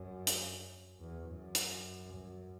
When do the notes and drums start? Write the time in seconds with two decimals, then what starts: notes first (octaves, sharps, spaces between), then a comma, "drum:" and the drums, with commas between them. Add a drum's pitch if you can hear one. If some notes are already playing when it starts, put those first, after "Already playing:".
Already playing: F#2
0.27 drum: hi-hat
1.01 E2
1.29 F#2
1.55 drum: hi-hat
2.14 F#2